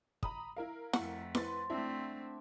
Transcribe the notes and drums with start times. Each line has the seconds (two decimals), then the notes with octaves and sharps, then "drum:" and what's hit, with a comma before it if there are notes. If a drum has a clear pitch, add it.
0.23 A#5 B5 D#6, drum: kick
0.57 E4 A#4 F5
0.93 F2 A3 F#4 F#5, drum: snare E4
1.35 B4 C5 A6, drum: snare E4
1.70 A3 C4 D4 E4 E5